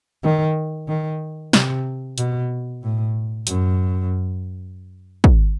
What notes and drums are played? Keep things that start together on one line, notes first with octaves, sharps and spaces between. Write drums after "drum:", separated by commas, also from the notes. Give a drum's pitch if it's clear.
D#3
D#3
C3, drum: snare
B2, drum: hi-hat
A2
F#2, drum: hi-hat
drum: kick